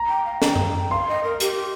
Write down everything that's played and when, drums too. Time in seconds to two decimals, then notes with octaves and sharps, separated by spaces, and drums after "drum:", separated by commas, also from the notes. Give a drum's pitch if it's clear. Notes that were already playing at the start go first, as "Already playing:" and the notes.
Already playing: A#5
0.09 G5
0.25 F5
0.42 A#5, drum: snare
0.46 G5
0.55 drum: tom F#2
0.91 F5 C6
1.08 D#5
1.24 A#4
1.40 G4, drum: hi-hat